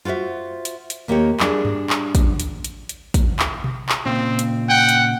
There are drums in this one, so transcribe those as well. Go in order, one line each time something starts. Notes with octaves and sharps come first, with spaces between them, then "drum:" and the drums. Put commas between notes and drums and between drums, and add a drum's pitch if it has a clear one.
F4 F#4 A4 C5 E5
drum: hi-hat
drum: hi-hat
D#2 A#3 D#4 G4 C#5
G3 D4 G#4, drum: clap
drum: tom G2
drum: clap
drum: kick, hi-hat
drum: hi-hat
drum: hi-hat
drum: hi-hat
drum: kick, hi-hat
drum: clap
drum: tom B2
drum: clap
A#2 C#3 C4 F4
drum: hi-hat
F#5 G5
drum: hi-hat